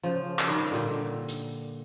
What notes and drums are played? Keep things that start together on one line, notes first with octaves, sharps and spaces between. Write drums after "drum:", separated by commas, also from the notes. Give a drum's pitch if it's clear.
C#3 F3
drum: clap
D#3 G3
A#2 D3 G3
drum: hi-hat